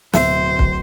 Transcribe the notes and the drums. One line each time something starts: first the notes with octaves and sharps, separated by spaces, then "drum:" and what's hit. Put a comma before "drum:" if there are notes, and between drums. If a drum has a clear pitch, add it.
D1 B2 C5 E5, drum: snare
drum: kick